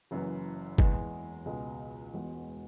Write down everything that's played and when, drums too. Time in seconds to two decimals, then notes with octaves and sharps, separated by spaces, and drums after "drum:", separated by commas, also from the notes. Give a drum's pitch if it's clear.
0.11 F#1 F#2 E3
0.78 E2 E3 G#3, drum: kick F#1
1.46 C#2 B2 G#3
2.14 E1 E2 B2 G#3